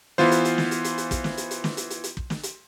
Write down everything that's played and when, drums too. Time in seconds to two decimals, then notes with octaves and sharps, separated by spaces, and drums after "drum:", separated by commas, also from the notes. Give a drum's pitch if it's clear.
0.18 E3 B3 F4 C5, drum: snare
0.31 drum: hi-hat
0.45 drum: hi-hat
0.58 drum: snare
0.71 drum: hi-hat
0.84 drum: hi-hat
0.98 drum: hi-hat
1.11 drum: kick, hi-hat
1.24 drum: snare
1.37 drum: hi-hat
1.51 drum: hi-hat
1.64 drum: snare
1.77 drum: hi-hat
1.90 drum: hi-hat
2.04 drum: hi-hat
2.17 drum: kick
2.30 drum: snare
2.43 drum: hi-hat